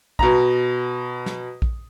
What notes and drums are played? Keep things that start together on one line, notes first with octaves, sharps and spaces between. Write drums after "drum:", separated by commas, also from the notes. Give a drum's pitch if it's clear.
B2 A#5, drum: kick A#1
drum: snare
drum: kick A#1